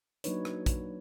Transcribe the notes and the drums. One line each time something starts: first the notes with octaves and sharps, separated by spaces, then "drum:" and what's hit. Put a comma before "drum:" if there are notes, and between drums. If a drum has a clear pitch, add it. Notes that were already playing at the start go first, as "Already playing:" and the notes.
F#3 A#3 D4 D#4 B4 C#5, drum: hi-hat
drum: rim click
drum: kick, hi-hat